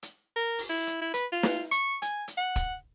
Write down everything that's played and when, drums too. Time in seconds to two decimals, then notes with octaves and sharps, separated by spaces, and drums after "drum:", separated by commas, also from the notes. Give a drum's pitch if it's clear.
0.03 drum: hi-hat
0.36 A#4
0.59 drum: open hi-hat
0.69 E4
0.87 drum: hi-hat
1.01 E4
1.14 B4, drum: hi-hat
1.32 F4
1.43 drum: snare
1.71 C#6, drum: hi-hat
2.02 G#5, drum: hi-hat
2.28 drum: hi-hat
2.37 F#5
2.56 drum: kick, hi-hat